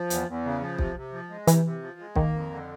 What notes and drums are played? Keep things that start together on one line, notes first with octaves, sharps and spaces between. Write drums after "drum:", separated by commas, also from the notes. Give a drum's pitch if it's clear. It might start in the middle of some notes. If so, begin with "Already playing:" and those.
Already playing: F3
E2, drum: hi-hat
E2
C#3
F3
C3, drum: kick B1
C3
F3
G#3
C3 E3, drum: hi-hat
C3
F3
G#3
D#3 A#3, drum: kick B1
F2
D3